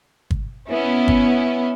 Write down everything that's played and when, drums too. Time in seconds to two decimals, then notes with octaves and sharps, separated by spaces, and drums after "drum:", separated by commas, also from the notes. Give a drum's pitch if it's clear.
0.31 drum: kick G1
0.69 B3 C#4 E4
1.08 drum: kick G1